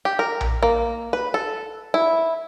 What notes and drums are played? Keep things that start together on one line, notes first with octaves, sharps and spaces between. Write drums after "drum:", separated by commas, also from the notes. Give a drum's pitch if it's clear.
G4
A#4
drum: tom A#1
A#3
B4
A4
E4